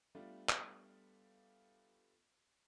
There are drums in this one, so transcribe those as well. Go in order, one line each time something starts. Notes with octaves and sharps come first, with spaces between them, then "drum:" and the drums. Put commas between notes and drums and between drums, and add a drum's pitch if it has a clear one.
G3 A3 B3 D4 F4
drum: clap